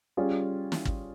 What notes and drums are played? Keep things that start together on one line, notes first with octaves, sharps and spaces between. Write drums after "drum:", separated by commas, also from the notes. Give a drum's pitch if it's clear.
G3 C#4 F4 G#4
drum: snare
drum: kick